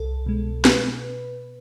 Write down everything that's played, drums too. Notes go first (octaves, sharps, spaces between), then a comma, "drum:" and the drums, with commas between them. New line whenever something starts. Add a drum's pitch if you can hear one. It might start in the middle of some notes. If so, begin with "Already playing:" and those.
Already playing: C2 A4
B2 G#3
B2 B4, drum: snare